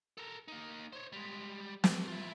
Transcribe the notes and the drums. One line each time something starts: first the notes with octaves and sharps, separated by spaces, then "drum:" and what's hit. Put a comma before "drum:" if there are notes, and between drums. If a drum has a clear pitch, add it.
A4 A#4
A#3 D#4
C5 C#5
G3 G#3
G4 A#4, drum: snare
E4 F4